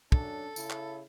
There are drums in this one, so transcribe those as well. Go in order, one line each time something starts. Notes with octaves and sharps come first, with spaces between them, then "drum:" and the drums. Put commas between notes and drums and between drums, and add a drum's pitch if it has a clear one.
F#2 C#4 D4 A4, drum: kick
C#3 E4, drum: tambourine
drum: clap